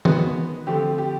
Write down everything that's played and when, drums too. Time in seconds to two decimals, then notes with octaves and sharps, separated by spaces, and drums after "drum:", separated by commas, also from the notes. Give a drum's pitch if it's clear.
0.05 D#3 G#3 B3 F#4, drum: tom E3
0.67 D3 F3 A3 C4 G4
0.98 G4